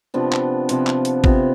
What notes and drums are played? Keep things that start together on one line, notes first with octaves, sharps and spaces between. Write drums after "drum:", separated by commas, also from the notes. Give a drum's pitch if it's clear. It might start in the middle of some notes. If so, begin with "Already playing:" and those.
C3 F3 B3 D4
drum: clap
C3 F3 B3, drum: hi-hat
drum: clap
drum: hi-hat
C3 F3 B3, drum: kick G#1